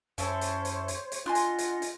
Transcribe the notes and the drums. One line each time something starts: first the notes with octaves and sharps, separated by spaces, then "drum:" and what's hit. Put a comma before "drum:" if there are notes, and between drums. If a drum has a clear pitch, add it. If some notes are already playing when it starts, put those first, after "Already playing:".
F#2 C#4 E4 A4 C5 C#5, drum: hi-hat
drum: hi-hat
drum: hi-hat
drum: hi-hat
drum: hi-hat
D4 F4 D#5 F#5 G#5 C6 F#6
drum: hi-hat
drum: hi-hat
drum: hi-hat